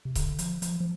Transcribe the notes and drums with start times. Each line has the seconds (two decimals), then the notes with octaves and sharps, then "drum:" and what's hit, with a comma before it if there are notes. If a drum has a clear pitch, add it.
0.05 C3
0.15 D3, drum: kick C#1, hi-hat
0.39 F3, drum: hi-hat
0.62 F3, drum: hi-hat
0.80 F3